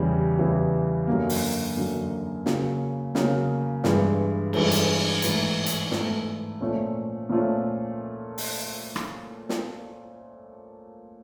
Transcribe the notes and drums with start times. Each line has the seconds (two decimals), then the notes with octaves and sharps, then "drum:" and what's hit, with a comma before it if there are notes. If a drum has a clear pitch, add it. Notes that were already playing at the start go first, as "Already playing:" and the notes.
Already playing: E2 C#3 E3 G3
0.38 E2 C#3 E3 G3
1.07 F#2 D3 F#3 A#3
1.29 drum: open hi-hat
1.77 F#2 D3 F#3 A#3
2.46 C#3 F#3 A#3, drum: snare
3.15 C#3 F#3 A#3, drum: snare
3.84 G2 E3 G#3, drum: snare
4.53 G2 E3 G#3, drum: cymbal
4.72 drum: hi-hat
5.22 G#2 E3 A3, drum: hi-hat
5.66 drum: hi-hat
5.91 G#2 E3 A3, drum: snare
6.61 A#2 F3 A3 C#4 F4
7.29 A#2 F3 A3 C#4 F4
8.38 drum: open hi-hat
8.96 drum: rim click
9.49 drum: snare